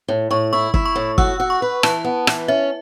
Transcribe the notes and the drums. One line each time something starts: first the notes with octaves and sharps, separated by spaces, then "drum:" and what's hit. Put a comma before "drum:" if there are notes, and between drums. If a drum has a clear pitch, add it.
A2
A2 C#6
E4 C#6
E4, drum: kick
C#6
A2
F#4 E6, drum: kick
F#4
C#6
B4
E3 A5, drum: rim click
B3
E3, drum: rim click
C#4 E5